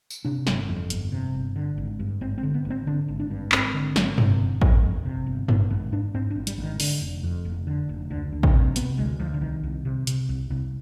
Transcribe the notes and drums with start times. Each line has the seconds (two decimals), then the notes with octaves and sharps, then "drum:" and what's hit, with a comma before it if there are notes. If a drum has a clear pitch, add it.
0.10 drum: tambourine
0.25 C3 D4
0.47 G1, drum: snare
0.69 F2
0.90 G1, drum: hi-hat
1.12 C3
1.34 G1
1.56 D3
1.78 G#1
1.99 G2
2.21 G#1 C4
2.38 C4
2.43 D3
2.54 B3
2.65 G#1
2.70 C4
2.87 D3 D4
3.08 G#1
3.20 D4
3.31 G2
3.52 G#1 C4, drum: clap
3.74 D3
3.96 G#1, drum: snare
4.18 C3, drum: tom
4.40 G1
4.62 F2, drum: kick A1
4.83 G1
5.05 C3
5.26 G1
5.48 G#1 B3, drum: tom
5.70 G#1
5.92 G#2 D4
6.14 G#2 C4
6.30 D4
6.36 G#1
6.47 G3, drum: hi-hat
6.58 G#1
6.63 D#3
6.80 D3, drum: open hi-hat
7.01 F1
7.23 F2
7.45 F1
7.67 D3
7.89 F1
8.10 D2 D3
8.33 D2
8.43 D3, drum: kick A1
8.54 C3
8.76 C3 B3, drum: hi-hat
8.98 D2 G#3
9.20 D2 F3
9.34 D3
9.41 C2 D#3
9.63 C2
9.85 C3
10.07 C3, drum: hi-hat
10.29 C2
10.50 C2